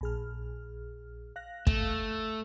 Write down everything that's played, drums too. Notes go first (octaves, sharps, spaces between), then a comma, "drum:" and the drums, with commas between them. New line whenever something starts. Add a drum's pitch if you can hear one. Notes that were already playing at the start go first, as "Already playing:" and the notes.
A#1 G#4 F6
F5 F#6 A#6
A3, drum: kick